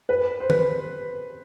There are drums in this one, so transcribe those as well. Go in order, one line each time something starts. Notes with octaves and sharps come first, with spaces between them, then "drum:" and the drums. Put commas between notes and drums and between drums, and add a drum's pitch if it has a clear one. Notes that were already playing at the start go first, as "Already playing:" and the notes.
B4
C5
B4, drum: tom D#3